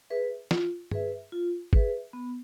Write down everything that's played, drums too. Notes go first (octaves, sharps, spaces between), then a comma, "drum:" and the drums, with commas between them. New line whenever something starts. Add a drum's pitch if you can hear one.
G#4 B4 E5
F4, drum: snare
G#4 B4 E5, drum: tom G2
F4
G#4 B4 E5, drum: kick G1
B3